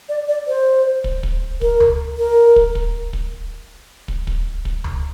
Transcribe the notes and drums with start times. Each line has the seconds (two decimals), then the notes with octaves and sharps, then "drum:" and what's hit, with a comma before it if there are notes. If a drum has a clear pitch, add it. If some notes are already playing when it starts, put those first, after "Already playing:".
0.09 D5
0.28 D5
0.47 C5
1.04 drum: kick
1.23 drum: kick
1.61 A#4, drum: kick
1.80 drum: tom C#2
2.18 A#4
2.56 drum: kick
2.75 drum: kick
3.13 drum: kick
4.08 drum: kick
4.27 drum: kick
4.65 drum: kick
4.84 drum: tom C#2